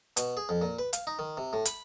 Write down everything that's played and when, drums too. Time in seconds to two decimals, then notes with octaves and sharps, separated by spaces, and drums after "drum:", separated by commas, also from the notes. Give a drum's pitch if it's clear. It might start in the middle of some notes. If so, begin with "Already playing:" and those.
0.17 B2, drum: hi-hat
0.37 G#4
0.49 F2
0.62 A#2
0.79 B4
0.93 F5, drum: hi-hat
1.07 D#4
1.19 D#3
1.37 C3
1.53 A2
1.65 B5, drum: hi-hat